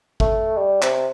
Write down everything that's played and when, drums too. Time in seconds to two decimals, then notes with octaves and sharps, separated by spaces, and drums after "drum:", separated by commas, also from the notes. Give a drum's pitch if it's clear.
0.20 A3, drum: kick
0.57 G3
0.82 C3, drum: clap